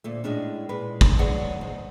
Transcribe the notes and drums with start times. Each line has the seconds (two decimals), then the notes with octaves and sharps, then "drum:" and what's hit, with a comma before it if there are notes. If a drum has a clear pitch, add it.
0.04 D2 A#2 A3
0.24 A2 G#3 C#4 D4
0.69 A#2 G#3 B4
1.01 drum: kick
1.19 F#3 G#4 B4 C#5 D5 F#5
1.61 G#2